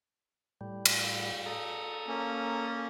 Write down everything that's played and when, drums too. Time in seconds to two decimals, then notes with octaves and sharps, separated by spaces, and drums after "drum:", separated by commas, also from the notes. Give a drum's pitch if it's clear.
0.61 A2 G3
0.85 drum: cymbal
1.46 A4 A#5 D#6
2.08 A#3 C#4